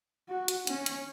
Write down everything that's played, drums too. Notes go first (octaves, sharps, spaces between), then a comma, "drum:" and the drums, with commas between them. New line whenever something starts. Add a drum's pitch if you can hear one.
F#4
drum: hi-hat
C#4, drum: hi-hat
drum: hi-hat